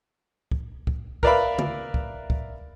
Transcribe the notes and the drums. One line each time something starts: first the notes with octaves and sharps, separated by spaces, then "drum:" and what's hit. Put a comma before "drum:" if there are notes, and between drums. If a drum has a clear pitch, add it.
drum: kick
drum: kick
A#4 B4 D5 E5 F5 B5, drum: kick
drum: tom C#3
drum: kick
drum: kick